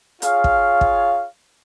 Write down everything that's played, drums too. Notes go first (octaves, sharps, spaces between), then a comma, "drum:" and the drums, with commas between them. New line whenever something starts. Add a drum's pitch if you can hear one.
F4 G#4 C#5 F5, drum: hi-hat
drum: kick
drum: kick